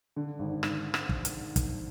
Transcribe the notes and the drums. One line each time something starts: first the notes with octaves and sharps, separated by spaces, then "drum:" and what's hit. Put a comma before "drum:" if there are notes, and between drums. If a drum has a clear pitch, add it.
D3
G#1
G#1, drum: rim click
drum: rim click
drum: kick
drum: hi-hat
drum: kick, hi-hat